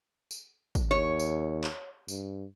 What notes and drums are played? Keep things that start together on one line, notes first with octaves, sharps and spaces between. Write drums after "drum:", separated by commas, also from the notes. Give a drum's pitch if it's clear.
drum: tambourine
drum: kick, tambourine
D#2 C#5
drum: tambourine
drum: clap
G2, drum: tambourine